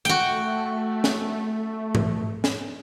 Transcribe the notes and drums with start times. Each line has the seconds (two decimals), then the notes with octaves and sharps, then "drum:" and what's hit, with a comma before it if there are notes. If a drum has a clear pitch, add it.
0.05 A3 F#4 G5, drum: hi-hat
1.04 drum: snare
1.95 drum: tom G#2
2.44 drum: snare